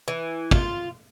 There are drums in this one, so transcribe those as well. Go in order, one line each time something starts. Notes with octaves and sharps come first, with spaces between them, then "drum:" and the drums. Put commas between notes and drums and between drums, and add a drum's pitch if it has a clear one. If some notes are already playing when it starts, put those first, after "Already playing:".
E3
F4, drum: kick